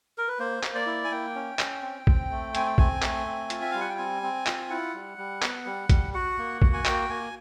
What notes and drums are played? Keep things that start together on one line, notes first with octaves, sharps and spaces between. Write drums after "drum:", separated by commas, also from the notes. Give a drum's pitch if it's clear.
A#4
B4
A#3 C5
A#3, drum: clap
D5
E4
G#5
A#3 G5
C#4
C#4, drum: clap
C4
C4, drum: kick
A3
C4 G#5, drum: hi-hat
G5
C4 G#5, drum: kick
A3, drum: clap
C4
F4, drum: hi-hat
E5
G3 F5
F#5
G5
C4 G#5
C4
F4, drum: clap
E4 F#5
G3
G3
B3, drum: clap
G3
G3, drum: kick, hi-hat
F#4 F#5
A#3
F#4, drum: kick
G#5
A#3 G5, drum: clap
A#3 G#5